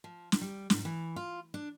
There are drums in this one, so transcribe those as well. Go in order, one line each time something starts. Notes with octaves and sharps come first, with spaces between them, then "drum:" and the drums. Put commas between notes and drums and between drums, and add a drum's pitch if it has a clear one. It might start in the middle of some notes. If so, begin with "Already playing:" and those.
F3
drum: snare
G3
G#2, drum: snare
E3
F4
D4